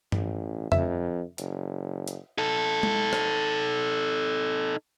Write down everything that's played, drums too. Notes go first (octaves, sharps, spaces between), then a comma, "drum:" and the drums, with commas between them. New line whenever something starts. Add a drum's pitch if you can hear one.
A1, drum: tom G2
F2 E5, drum: tom F2
F#1, drum: hi-hat
drum: hi-hat
D#4 A4
drum: tom G#3
drum: rim click